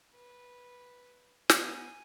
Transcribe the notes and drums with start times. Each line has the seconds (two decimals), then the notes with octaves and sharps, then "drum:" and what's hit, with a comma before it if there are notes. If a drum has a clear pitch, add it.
0.14 B4
1.49 B3 G#5, drum: snare